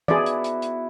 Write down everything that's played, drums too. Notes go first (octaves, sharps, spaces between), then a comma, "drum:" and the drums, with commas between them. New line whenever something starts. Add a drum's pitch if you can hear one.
B3 E4 F#4 G#4 D5, drum: tom
drum: hi-hat
drum: hi-hat
drum: hi-hat